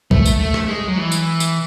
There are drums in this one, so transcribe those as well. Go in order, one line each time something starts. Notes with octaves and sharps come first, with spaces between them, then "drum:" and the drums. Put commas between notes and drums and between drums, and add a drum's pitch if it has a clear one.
A3, drum: kick
drum: tambourine
A3
drum: rim click
G#3
F#3
E3
drum: tambourine
drum: tambourine